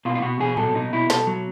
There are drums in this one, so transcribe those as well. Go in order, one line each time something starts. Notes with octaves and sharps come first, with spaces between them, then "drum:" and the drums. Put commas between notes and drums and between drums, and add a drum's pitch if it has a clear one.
B2 F4
F4
B2 F#4
B2 G#4
F#3 A4, drum: tom A2
B2 D#4
B2 E4
B2 A4, drum: snare
F#3